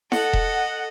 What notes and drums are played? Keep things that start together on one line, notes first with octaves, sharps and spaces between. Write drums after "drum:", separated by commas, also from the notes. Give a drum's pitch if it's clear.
A4 D#5 F#5, drum: snare E4
drum: kick E1